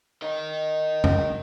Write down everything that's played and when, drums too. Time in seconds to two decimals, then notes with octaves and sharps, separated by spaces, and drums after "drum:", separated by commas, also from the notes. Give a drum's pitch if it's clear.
0.22 A#4 D#5
1.04 drum: tom F2